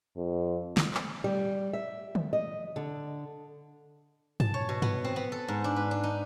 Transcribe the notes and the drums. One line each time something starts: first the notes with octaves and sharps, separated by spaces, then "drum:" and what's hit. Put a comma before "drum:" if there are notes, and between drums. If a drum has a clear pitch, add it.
F2
drum: snare
drum: clap
G3
E5
drum: tom
D#5
D3
A5, drum: tom G2
C#5
B2
B3, drum: tom G2
C4
B3
A4
G#2
D4
B4
D4
D#4